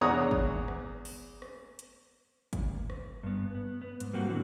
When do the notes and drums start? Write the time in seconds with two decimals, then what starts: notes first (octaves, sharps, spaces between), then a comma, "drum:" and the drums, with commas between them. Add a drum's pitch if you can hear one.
0.01 E2 D4 C#5 F#5 A#5 D#6
0.31 drum: kick
0.68 drum: rim click
1.05 drum: open hi-hat
1.42 drum: rim click
1.79 drum: hi-hat
2.53 drum: kick, hi-hat
2.90 drum: rim click
3.23 G2 B3
3.55 B3
3.82 B3
4.00 G#2, drum: hi-hat
4.13 G3 A#3 C4 F#4
4.29 D3 E3 F#3